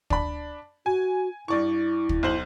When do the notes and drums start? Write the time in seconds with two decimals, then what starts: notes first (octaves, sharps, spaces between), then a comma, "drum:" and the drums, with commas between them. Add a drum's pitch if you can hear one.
0.10 D4 B5, drum: kick
0.86 F#4 G#5
1.48 G2 E4 D5 C#6
2.09 drum: kick
2.23 B1 C5 F#7